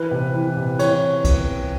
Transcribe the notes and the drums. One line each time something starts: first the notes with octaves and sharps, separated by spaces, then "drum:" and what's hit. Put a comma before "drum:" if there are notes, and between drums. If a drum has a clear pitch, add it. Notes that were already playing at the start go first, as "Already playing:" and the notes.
Already playing: E3 B4
C3
E3
C3
E3 C#5, drum: cymbal
drum: kick C2, cymbal